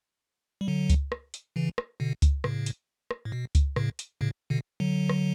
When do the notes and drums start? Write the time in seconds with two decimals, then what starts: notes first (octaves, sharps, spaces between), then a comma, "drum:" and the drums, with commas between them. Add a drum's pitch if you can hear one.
0.61 G3
0.68 D3 F#3
0.90 drum: kick C#2, hi-hat
1.12 drum: rim click
1.34 drum: hi-hat
1.56 C#3 E3
1.78 drum: rim click
2.00 B2 D3
2.22 drum: kick C#2, hi-hat
2.44 A2 C#3, drum: rim click
2.66 drum: hi-hat
3.11 drum: rim click
3.25 A2
3.32 B2
3.55 drum: kick C#2, hi-hat
3.76 A2 C#3, drum: rim click
3.99 drum: hi-hat
4.21 A2 C#3
4.50 B2 D3
4.80 D3 F#3
5.09 drum: rim click